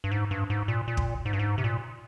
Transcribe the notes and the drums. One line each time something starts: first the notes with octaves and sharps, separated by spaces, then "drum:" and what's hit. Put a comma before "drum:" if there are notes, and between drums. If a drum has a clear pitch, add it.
G2
G#2
G2
G#2
A#2
A#2
drum: kick
G#2
G2
G#2
C3
A#2